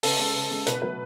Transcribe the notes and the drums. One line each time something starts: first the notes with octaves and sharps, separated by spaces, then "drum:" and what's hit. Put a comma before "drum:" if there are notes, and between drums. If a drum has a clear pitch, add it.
C#3 A4, drum: open hi-hat
G#3
C#3
G#3
B2 B4, drum: hi-hat
F#3 A3 B4